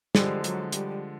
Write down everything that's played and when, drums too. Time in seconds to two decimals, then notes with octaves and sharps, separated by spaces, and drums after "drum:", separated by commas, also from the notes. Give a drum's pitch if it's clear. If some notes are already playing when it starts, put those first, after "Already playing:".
0.15 D3 F3 G3 G#3, drum: snare
0.44 F#3, drum: hi-hat
0.72 G3, drum: hi-hat